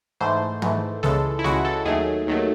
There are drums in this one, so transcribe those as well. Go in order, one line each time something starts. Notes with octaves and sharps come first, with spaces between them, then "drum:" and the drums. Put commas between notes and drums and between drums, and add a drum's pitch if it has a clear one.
G#2 E3 A3 C5
G#2 E3 A3, drum: tom
C#2 C#3 E3 G#3 A4, drum: snare G#3
E4
C#2 C#3 E3 G#3 F#4, drum: snare G#3
A4
D#2 D#3 F#3 A3 G#4
D#2 D#3 F#3 A3